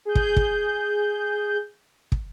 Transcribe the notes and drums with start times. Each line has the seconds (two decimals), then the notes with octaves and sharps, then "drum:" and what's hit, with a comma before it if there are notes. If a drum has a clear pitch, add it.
0.05 G#4 G6
0.15 drum: kick
0.36 drum: kick
2.12 drum: kick